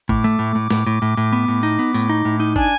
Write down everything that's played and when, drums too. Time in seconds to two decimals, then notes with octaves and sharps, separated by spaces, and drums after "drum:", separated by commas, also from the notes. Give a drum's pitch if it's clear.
0.09 A2 D6, drum: kick
0.24 A3
0.39 A2
0.55 A2
0.70 A2, drum: snare
0.87 A2
1.02 A2
1.17 A2
1.33 B3
1.48 A2
1.63 D#4
1.79 B3
1.94 A2, drum: tambourine
2.09 D#4
2.25 A2
2.40 D#4
2.56 D4 G#5, drum: kick